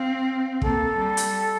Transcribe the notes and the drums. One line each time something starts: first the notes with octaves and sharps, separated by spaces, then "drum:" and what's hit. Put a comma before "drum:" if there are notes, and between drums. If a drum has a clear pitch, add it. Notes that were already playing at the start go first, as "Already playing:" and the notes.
Already playing: C4 F5
A#3 A4, drum: kick
G3
drum: hi-hat